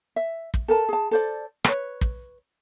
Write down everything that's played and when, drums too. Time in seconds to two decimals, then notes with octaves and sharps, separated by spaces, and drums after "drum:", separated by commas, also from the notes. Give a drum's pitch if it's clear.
0.16 E5
0.54 drum: kick
0.68 A4 A#4 A5
0.89 G#4 A5
1.11 A4 C5 D5
1.64 B4 C#5, drum: rim click
2.01 drum: kick